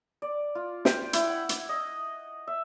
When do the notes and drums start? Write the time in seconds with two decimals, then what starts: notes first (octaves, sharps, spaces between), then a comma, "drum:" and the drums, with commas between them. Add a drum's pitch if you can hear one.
0.22 D5
0.55 F4
0.85 G5, drum: snare
1.13 E4, drum: hi-hat
1.27 F#5
1.49 drum: hi-hat
1.69 D#5
2.47 E5